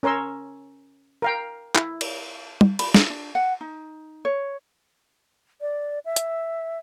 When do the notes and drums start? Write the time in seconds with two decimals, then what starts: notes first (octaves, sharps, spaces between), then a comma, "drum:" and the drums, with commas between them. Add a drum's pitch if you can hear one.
0.03 C#4 A#4 C#5 C6 E6
1.22 A#4 F5 G5
1.75 E4, drum: clap
2.01 drum: cymbal
2.61 drum: tom
2.79 B5, drum: cymbal
2.94 E4, drum: snare
3.10 D4
3.35 F#5
3.61 D#4
4.25 C#5
5.61 D5
6.05 E5
6.16 drum: hi-hat